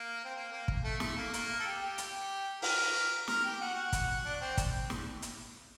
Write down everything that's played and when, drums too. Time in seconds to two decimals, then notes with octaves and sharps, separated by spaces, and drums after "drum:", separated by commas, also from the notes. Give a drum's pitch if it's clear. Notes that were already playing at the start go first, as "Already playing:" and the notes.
Already playing: A#3
0.24 C4
0.36 A#3
0.52 A#3
0.68 drum: kick
0.84 A3
1.00 A3, drum: snare
1.17 A#3
1.34 A#3, drum: hi-hat
1.60 A4
1.66 G4
1.82 G4
1.98 drum: hi-hat
2.62 A#4, drum: open hi-hat
3.28 A#4, drum: snare
3.44 G4
3.61 F#4
3.93 drum: kick, hi-hat
4.25 D4
4.41 C4
4.57 drum: kick, hi-hat
4.90 drum: snare
5.22 drum: hi-hat